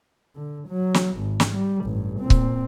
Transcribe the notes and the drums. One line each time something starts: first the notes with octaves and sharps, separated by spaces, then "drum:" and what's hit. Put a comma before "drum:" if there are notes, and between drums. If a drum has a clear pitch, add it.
D3
F#3
drum: snare
G#1
drum: snare
G3
A1 G2
A#2 C4
drum: kick C#1